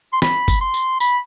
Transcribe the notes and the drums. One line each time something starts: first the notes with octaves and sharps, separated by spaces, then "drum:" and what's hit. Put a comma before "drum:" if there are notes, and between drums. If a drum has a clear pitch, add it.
C6
B5, drum: snare
drum: kick, tambourine
C6
drum: tambourine
B5, drum: tambourine